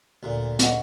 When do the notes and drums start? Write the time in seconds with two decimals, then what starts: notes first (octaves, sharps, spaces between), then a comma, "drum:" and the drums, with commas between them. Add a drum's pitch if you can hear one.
0.23 D2 A#2
0.59 C#4 D#5 F#5, drum: hi-hat